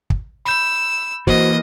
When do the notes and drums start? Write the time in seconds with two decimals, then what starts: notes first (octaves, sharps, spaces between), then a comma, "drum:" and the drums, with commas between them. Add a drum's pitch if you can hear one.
0.10 drum: kick
0.45 B5 E6 G6
1.27 E3 A#3 F#4 C5 D#5, drum: kick